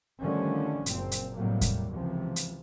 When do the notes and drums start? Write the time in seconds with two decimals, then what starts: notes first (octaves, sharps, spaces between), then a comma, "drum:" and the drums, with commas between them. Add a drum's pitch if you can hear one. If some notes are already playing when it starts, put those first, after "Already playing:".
0.21 D3 D#3 F3 G3 A3 C#4
0.86 F#1 A#2 C4, drum: hi-hat
1.11 drum: hi-hat
1.36 A2 C3 F#3 G3 A#3
1.61 drum: kick E2, hi-hat
1.91 C#2 C3 E3 F3
2.36 drum: hi-hat